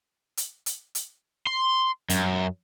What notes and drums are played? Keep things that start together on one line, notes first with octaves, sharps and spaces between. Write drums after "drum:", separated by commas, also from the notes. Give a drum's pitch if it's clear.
drum: hi-hat
drum: hi-hat
drum: hi-hat
C6
F#2, drum: hi-hat